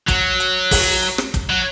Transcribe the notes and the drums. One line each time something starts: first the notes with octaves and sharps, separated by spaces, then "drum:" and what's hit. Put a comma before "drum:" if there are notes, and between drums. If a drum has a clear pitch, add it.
F#3, drum: kick, hi-hat
drum: hi-hat
drum: kick, open hi-hat
drum: hi-hat
drum: rim click
drum: kick, hi-hat
F#3